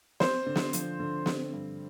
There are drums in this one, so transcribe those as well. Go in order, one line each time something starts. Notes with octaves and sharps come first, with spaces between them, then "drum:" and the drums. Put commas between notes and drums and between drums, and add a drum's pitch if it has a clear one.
C4 C5, drum: snare
D3
drum: snare
F3, drum: hi-hat
D3
C4, drum: snare
G2